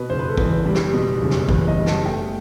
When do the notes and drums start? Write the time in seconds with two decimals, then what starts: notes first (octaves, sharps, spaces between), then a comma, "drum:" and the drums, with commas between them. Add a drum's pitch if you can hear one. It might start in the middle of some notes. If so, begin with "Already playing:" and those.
Already playing: B2 B4
0.10 F#1 C5
0.19 B4
0.29 A4
0.37 E2 B4, drum: kick
0.65 G3
0.75 drum: snare
0.93 B2
1.21 F#1
1.31 drum: snare
1.49 E2 B4, drum: kick
1.68 D#5
1.77 G3
1.86 A5, drum: snare
2.05 A3 G5